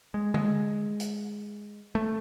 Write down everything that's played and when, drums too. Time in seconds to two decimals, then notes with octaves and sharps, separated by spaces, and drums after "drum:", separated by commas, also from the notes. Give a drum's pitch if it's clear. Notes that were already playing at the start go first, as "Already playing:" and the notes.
0.14 G#3
0.34 G#3, drum: tom D3
1.00 drum: hi-hat
1.95 A3